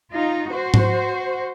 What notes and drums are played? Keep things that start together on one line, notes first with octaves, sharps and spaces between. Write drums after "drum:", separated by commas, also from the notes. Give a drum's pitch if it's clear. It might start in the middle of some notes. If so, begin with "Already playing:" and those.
D#4 F4
F#4 C5
drum: tom G#2